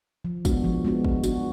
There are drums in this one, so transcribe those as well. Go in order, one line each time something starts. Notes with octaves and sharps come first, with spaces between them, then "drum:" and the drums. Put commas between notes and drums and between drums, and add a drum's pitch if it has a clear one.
F3
G#3 B3 D4 F#4, drum: kick, tambourine
F3
G#3 B3 D4 F#4
F3, drum: kick
G#3 B3 D4 F#4, drum: tambourine